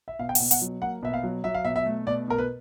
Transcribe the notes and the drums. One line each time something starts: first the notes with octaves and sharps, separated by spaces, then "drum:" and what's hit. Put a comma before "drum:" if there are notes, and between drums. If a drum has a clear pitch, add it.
E5
B2 F5
G5
F#5, drum: open hi-hat
B2
F#5, drum: hi-hat
F#3
A#3 F#5
B2 E5
F5
F#3
F#3 E5
F5
B2 E5
E5
A3
B2 D5
B2 A#4
B4